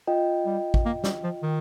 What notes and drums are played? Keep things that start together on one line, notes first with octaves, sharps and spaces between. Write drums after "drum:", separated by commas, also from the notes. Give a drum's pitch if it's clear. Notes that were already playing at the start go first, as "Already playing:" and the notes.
F4 D#5 G5
G3
drum: kick
A#3
G3, drum: snare
F3
D#3